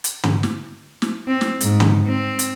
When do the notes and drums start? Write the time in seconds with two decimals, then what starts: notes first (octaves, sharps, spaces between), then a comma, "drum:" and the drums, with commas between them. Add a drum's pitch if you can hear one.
0.04 drum: hi-hat
0.24 drum: tom
0.43 drum: snare
1.02 drum: snare
1.28 C4
1.41 drum: snare
1.61 G#2, drum: hi-hat
1.80 drum: tom
2.07 C4
2.39 drum: hi-hat